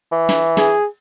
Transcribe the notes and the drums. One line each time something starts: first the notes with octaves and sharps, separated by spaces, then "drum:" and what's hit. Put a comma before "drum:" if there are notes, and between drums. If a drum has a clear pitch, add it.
E3
drum: snare
G#4, drum: snare